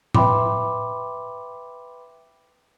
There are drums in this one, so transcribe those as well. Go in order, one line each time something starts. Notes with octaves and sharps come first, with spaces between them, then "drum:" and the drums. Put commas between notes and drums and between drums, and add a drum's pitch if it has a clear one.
B4 E5 G5 B5 C6 D6, drum: tom A2